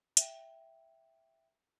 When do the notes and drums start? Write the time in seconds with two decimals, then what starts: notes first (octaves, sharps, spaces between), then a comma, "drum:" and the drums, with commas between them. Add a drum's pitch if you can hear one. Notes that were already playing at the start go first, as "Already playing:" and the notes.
0.17 E5 G5, drum: hi-hat